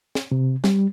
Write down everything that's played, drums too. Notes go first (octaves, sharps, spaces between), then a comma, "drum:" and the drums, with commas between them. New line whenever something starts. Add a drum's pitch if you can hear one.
drum: snare
C3
G3, drum: snare